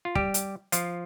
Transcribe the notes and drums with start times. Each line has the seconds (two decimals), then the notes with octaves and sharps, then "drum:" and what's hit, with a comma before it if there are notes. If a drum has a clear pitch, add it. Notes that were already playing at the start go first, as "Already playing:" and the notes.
0.05 F4
0.15 G3 G4, drum: kick
0.34 drum: hi-hat
0.72 F3 F4, drum: hi-hat